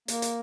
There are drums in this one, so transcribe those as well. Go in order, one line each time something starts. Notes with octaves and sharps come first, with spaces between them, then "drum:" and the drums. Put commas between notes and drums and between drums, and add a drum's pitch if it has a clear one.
A#3, drum: hi-hat
drum: hi-hat